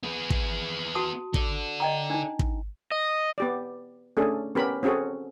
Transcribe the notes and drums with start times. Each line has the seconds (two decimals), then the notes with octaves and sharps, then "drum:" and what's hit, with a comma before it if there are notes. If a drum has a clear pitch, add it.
0.04 B3 G#4
0.30 drum: kick
0.95 F#4 A5 D#6
1.34 A4 D5, drum: kick
1.80 D#5 G5 A#5
2.10 D4 D#4
2.39 drum: kick
2.92 D#5
3.38 B3 G4 D5
4.17 A3 C#4 D4 G#4 A4
4.55 B3 C#4 G4 A#4 B5
4.83 C4 C#4 F#4 G#4 A4